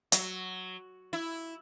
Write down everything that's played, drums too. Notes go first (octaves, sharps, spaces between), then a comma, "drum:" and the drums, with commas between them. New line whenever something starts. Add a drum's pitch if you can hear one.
F#3, drum: hi-hat
E4